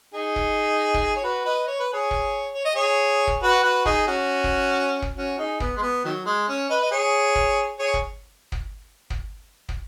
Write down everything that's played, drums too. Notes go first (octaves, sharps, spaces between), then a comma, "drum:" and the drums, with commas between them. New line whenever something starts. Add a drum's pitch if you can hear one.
D#4 G#4
drum: kick
drum: kick
C#5
F#4 B4
B4 D#5
C#5
B4
G#4 C#5
drum: kick
C#5
D#5
G#4 C#5
drum: kick
F#4 B4
F#4 B4
D#4 G#4, drum: kick
C#4 F#4
drum: kick
drum: kick
C#4 F#4
D#4 G#4
B3, drum: kick
G#3
B3
D#3 F#3
G#3
C#4
B4 D#5
D#5
G#4 C#5
drum: kick
G#4 C#5
drum: kick
drum: kick
drum: kick
drum: kick